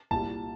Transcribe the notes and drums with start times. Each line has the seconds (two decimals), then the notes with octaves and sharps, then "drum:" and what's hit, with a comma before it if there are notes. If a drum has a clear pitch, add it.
0.11 C2 A#2 G3 A5, drum: kick